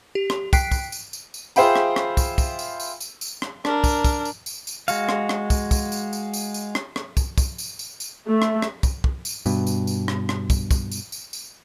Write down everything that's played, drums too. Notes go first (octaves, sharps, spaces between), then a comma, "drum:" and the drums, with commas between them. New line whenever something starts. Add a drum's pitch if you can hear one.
G4
drum: rim click
G5 F#6 B6 C7 D7, drum: kick, tambourine
drum: kick, tambourine
drum: tambourine
drum: tambourine
drum: tambourine
F4 G#4 C5 E5 G5 B5, drum: tambourine
drum: rim click
drum: rim click
drum: kick, tambourine
drum: kick, tambourine
drum: tambourine
drum: tambourine
drum: tambourine
drum: tambourine
drum: rim click
D4 A#4, drum: rim click
drum: kick, tambourine
drum: kick, tambourine
drum: tambourine
drum: tambourine
drum: tambourine
G#3 F#4 F5, drum: tambourine
drum: rim click
drum: rim click
drum: kick, tambourine
drum: kick, tambourine
drum: tambourine
drum: tambourine
drum: tambourine
drum: tambourine
drum: rim click
drum: rim click
drum: kick, tambourine
drum: kick, tambourine
drum: tambourine
drum: tambourine
drum: tambourine
A3
drum: rim click
drum: rim click
drum: kick, tambourine
drum: kick
drum: tambourine
G2 B2, drum: tambourine
drum: tambourine
drum: tambourine
drum: rim click
drum: rim click
drum: kick, tambourine
drum: kick, tambourine
drum: tambourine
drum: tambourine
drum: tambourine